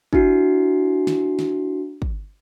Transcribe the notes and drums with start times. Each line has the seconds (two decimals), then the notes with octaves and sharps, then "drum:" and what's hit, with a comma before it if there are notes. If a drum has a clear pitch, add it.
0.13 D4 E4 F#4 C7, drum: kick
1.07 drum: snare
1.39 drum: snare
2.02 drum: kick